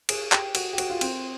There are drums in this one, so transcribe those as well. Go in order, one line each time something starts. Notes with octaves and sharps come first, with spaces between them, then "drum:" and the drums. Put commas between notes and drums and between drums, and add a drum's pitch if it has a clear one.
G#4, drum: cymbal
G4, drum: clap
F#4, drum: cymbal
G4
F#4, drum: cymbal
F4
C4, drum: cymbal